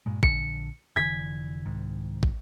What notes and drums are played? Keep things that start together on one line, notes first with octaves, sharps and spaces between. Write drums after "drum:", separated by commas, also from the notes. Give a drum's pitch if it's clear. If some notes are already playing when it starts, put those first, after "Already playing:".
G2 A#2 G#3
A#1 D3 C#7, drum: kick
F1 D3 E3 G#6 B6
C2 G#2 D#3
drum: kick